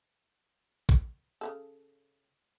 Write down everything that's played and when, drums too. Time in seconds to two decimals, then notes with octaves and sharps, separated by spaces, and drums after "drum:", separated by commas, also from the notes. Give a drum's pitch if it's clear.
0.89 drum: kick A1
1.41 C#3 E3 A4